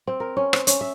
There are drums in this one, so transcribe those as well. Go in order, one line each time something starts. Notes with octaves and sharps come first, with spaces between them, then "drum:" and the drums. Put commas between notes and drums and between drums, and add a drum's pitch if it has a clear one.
C4
A#4
C#4
C4, drum: rim click
C#4, drum: hi-hat
E5